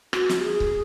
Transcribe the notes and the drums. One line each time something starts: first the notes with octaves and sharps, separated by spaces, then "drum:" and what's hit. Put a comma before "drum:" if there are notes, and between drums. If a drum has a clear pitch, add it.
F#4, drum: rim click
drum: snare
G4
G#4
drum: kick C#1